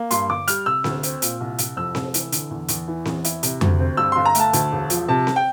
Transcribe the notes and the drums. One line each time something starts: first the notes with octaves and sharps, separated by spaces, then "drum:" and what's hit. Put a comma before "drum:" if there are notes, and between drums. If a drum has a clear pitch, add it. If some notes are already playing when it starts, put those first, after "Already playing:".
Already playing: A#3
G2 C6, drum: hi-hat
G1 D6
G3 F6, drum: hi-hat
C3 E6
D2, drum: snare C4
C4, drum: hi-hat
A#2, drum: hi-hat
C2
C2, drum: hi-hat
F2 E6
F1, drum: snare C4
E3, drum: hi-hat
D3, drum: hi-hat
E2
E2, drum: hi-hat
E3
E2, drum: snare C4
E4, drum: hi-hat
C3, drum: hi-hat
D2, drum: tom F2
C4
G2 E6
G1 C6
A#5
A3 A5, drum: hi-hat
D2, drum: hi-hat
E1
F3, drum: hi-hat
C3 A5
drum: snare C4
G5